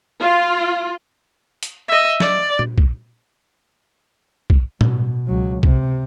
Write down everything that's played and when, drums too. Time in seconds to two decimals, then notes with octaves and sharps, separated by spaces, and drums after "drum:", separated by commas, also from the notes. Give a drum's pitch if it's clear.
0.21 F4
1.63 drum: hi-hat
1.88 D#5 E5
2.20 D5, drum: snare F#3
2.59 drum: tom A#2
2.78 drum: kick B1
4.50 drum: kick B1
4.81 B2, drum: tom A2
5.27 C#2 F#3
5.63 C3, drum: kick B1